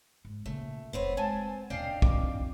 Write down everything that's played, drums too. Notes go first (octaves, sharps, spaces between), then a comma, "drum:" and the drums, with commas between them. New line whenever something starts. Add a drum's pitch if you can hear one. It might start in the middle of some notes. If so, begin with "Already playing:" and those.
G#2
A#2 C#3 A3
F1 F2 B3 C4 C#5
G#3 C4 F#5 G#5 A5
D#1 B2 D4 D#5 F5 G5 C7
F2 G#2 D6, drum: kick B1